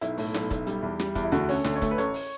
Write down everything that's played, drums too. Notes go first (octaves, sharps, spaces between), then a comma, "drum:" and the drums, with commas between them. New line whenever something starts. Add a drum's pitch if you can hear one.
B1 E4, drum: hi-hat
A2, drum: open hi-hat
B1, drum: snare
B1, drum: kick, hi-hat
G3, drum: hi-hat
E2
G3, drum: snare
E2, drum: kick, hi-hat
E4
D2 F#4, drum: hi-hat
C#4, drum: open hi-hat
A4
D2, drum: snare
C#5
A3, drum: kick, hi-hat
B4
A1 C#5, drum: hi-hat
drum: open hi-hat